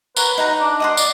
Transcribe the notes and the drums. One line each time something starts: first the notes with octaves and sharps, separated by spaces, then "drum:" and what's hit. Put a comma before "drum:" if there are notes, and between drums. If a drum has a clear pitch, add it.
A#4 B4 C#5 F#5, drum: tambourine
D#4 F#5 A#5
D4
D#5 F#5 C6
D5, drum: tambourine